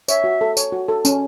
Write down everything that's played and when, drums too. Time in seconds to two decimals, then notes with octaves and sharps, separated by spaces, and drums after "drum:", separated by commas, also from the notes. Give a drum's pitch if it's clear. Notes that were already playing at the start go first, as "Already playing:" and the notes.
0.08 C#5 E5, drum: tambourine
0.24 F#4
0.41 A4
0.57 C#5, drum: tambourine
0.72 F#4
0.88 A4
1.05 C#4, drum: tambourine